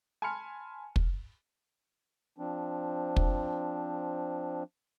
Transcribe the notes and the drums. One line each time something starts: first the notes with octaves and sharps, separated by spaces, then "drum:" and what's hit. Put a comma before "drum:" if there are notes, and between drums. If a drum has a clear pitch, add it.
G#5 A5 B5 C6 F6 C#7
drum: kick
F3 C4 D4
drum: kick